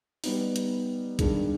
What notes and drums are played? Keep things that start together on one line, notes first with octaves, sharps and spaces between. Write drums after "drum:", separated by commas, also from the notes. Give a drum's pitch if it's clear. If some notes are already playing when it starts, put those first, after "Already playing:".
G3 B3 D#4, drum: open hi-hat
drum: hi-hat
G2 D#3 G#3, drum: kick, hi-hat